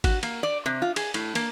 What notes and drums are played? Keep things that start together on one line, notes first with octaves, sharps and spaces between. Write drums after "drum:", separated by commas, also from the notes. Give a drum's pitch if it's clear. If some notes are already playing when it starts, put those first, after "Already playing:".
F#4, drum: kick G#1, cymbal
A#3, drum: cymbal
D5
C3
F4
G#4, drum: cymbal
A2, drum: cymbal
A#3, drum: cymbal